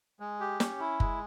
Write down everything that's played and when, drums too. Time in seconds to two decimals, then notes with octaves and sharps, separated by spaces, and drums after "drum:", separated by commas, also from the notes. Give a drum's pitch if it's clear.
0.20 G#3
0.40 G4
0.60 C#4, drum: snare
0.80 E4
1.00 G#3, drum: kick